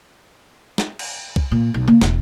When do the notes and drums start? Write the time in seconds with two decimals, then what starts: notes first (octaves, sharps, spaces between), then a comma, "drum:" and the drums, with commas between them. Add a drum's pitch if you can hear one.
0.78 drum: snare
0.99 drum: cymbal
1.36 drum: kick
1.51 A#2
1.74 B1
1.88 A#3, drum: tom C#3
2.01 E1, drum: snare